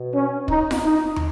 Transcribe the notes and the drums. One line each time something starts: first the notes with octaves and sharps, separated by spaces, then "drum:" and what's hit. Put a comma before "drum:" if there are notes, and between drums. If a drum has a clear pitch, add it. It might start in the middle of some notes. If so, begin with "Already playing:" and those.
Already playing: B2
C#4
D#4, drum: kick
drum: snare F4
D#4
drum: tom